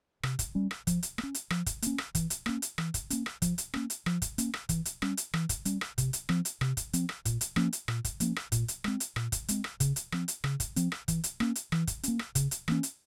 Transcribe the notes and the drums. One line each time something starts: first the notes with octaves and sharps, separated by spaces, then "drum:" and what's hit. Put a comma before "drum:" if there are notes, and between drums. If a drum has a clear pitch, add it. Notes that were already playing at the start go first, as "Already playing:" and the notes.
C3, drum: rim click
drum: kick, hi-hat
G3 C#4
drum: rim click
F3, drum: kick, hi-hat
drum: hi-hat
A#3, drum: rim click
C#4
drum: hi-hat
F3, drum: rim click
drum: kick, hi-hat
A#3 C#4, drum: hi-hat
drum: rim click
E3, drum: kick, hi-hat
drum: hi-hat
A#3 C#4, drum: rim click
drum: hi-hat
E3, drum: rim click
drum: kick, hi-hat
A#3 C#4, drum: hi-hat
drum: rim click
F3, drum: kick, hi-hat
drum: hi-hat
A#3 C#4, drum: rim click
drum: hi-hat
F3, drum: rim click
drum: kick, hi-hat
A#3 C#4, drum: hi-hat
drum: rim click
E3, drum: kick, hi-hat
drum: hi-hat
G3 C#4, drum: rim click
drum: hi-hat
E3, drum: rim click
drum: kick, hi-hat
G3 C#4, drum: hi-hat
drum: rim click
C3, drum: kick, hi-hat
drum: hi-hat
F3 C4, drum: rim click
drum: hi-hat
C3, drum: rim click
drum: kick, hi-hat
F3 C4, drum: hi-hat
drum: rim click
A#2, drum: kick, hi-hat
drum: hi-hat
F3 A#3 C#4, drum: rim click
drum: hi-hat
A#2, drum: rim click
drum: kick, hi-hat
F3 A#3 C#4, drum: hi-hat
drum: rim click
A#2, drum: kick, hi-hat
drum: hi-hat
G#3 C4, drum: rim click
drum: hi-hat
A#2, drum: rim click
drum: kick, hi-hat
G#3 C4, drum: hi-hat
drum: rim click
C#3, drum: kick, hi-hat
drum: hi-hat
F3 C4, drum: rim click
drum: hi-hat
C#3, drum: rim click
drum: kick, hi-hat
F3 C4, drum: hi-hat
drum: rim click
E3, drum: kick, hi-hat
drum: hi-hat
A#3 C#4, drum: rim click
drum: hi-hat
E3, drum: rim click
drum: kick, hi-hat
A#3 C#4, drum: hi-hat
drum: rim click
C#3, drum: kick, hi-hat
drum: hi-hat
E3 A#3 C#4, drum: rim click
drum: hi-hat